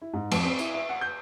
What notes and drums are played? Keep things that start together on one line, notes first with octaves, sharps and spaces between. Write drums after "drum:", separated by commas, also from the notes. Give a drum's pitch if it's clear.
E4
G#2
F2, drum: cymbal
C4
E4, drum: tambourine
E5
F#5
G6